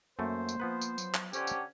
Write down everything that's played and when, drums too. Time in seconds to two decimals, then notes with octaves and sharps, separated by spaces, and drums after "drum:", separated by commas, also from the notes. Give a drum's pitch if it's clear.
0.19 F#2 A3 A#3 C5
0.49 drum: tambourine
0.60 F3 B3 B4
0.82 drum: tambourine
0.98 F#3, drum: tambourine
1.14 drum: clap
1.33 D3 C#4 G4 C5, drum: tambourine
1.47 drum: tambourine